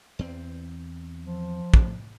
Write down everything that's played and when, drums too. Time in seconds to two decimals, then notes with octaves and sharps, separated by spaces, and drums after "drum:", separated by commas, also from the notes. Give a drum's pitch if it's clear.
0.19 E2 C4
1.25 F3
1.74 drum: kick